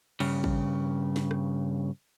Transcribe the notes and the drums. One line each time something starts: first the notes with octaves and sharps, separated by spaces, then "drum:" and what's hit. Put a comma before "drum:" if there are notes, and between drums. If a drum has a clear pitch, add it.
G2 C#3, drum: cymbal
drum: kick
drum: snare
drum: rim click